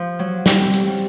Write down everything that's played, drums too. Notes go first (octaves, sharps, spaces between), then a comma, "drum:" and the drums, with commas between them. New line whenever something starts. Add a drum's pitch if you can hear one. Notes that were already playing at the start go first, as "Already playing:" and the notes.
Already playing: F3
F#3
G3, drum: snare
C4
F#3, drum: hi-hat
G3